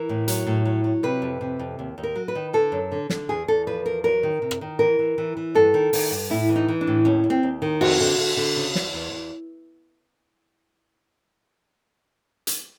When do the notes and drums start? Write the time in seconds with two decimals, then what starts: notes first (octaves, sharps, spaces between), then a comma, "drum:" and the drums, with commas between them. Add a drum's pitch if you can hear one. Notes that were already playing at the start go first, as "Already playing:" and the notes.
Already playing: E3 A#4
0.09 A2
0.28 F#3, drum: hi-hat
0.47 A2
0.65 F#3
0.84 F#3
1.03 C3 B4
1.22 F2
1.41 C3
1.59 F2
1.79 D#2
1.98 D#2
2.03 A#4
2.16 F#3
2.28 B4
2.35 D#3
2.53 D3 A4
2.72 F#2
2.92 D3
3.10 D3, drum: snare
3.29 E2 G#4
3.48 E2 A4
3.67 F3 B4
3.85 E2 A#4
4.04 F#3 A#4
4.23 D#3
4.42 C3
4.51 drum: rim click
4.61 D#3
4.79 E3 A#4
4.99 E3
5.18 E3
5.37 E3
5.55 G2 A4
5.74 D#3
5.93 D#3, drum: open hi-hat
6.11 G2
6.30 A2 E4
6.49 E3
6.56 D#4
6.68 E3
6.81 D4
6.87 A2
7.05 D#2 C#4
7.24 D#2
7.30 C4
7.43 D#2
7.62 D#3
7.81 F2 F#4, drum: cymbal
8.00 D3
8.18 D3
8.37 D3
8.56 C#3
8.75 E2, drum: snare
8.94 E2
9.12 E2
12.47 drum: hi-hat